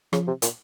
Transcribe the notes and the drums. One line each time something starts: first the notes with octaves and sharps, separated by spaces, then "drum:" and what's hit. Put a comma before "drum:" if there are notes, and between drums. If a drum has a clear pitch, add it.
C#3 F3, drum: rim click
C3
A#2, drum: hi-hat